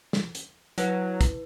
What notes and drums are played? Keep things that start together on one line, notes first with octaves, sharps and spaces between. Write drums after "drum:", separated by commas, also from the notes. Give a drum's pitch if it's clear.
drum: snare
drum: hi-hat
F#3 E4 B4, drum: hi-hat
drum: kick, hi-hat